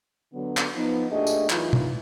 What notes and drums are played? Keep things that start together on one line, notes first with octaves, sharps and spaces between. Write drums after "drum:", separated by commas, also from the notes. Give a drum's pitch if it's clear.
D3 F#3 B3
drum: clap
F3 B3 D#4
A#2 A3 D4 G4 G#4 D#5
drum: tambourine
F#2 E3 D#4 F4, drum: clap
drum: tom